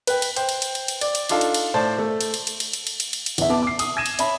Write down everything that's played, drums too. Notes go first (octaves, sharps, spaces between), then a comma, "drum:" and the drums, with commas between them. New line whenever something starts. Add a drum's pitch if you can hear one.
B4 G5, drum: cymbal
drum: cymbal
C5 G5, drum: cymbal
drum: cymbal
drum: cymbal
drum: cymbal
drum: cymbal
D5, drum: cymbal
drum: cymbal
D4 D#4 F4 A4 F5, drum: cymbal
drum: cymbal
drum: cymbal
A2 C5 D5 A5
A3
drum: cymbal
drum: cymbal
drum: cymbal
drum: cymbal
drum: cymbal
drum: cymbal
drum: cymbal
drum: cymbal
drum: cymbal
E2 E5, drum: cymbal
B3 A5 D6
D6 C7
D#6, drum: cymbal
D#6 G#6 A#6 D#7 E7
drum: cymbal
C#5 E5 A5 B5, drum: cymbal